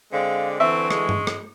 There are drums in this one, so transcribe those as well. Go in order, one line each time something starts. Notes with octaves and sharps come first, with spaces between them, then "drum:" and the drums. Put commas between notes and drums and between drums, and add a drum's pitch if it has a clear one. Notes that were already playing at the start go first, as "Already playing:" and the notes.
D3 G#3 C4 D5 F5
D3 E3 C4 E5 C#6
G#3, drum: rim click
drum: tom G2
drum: rim click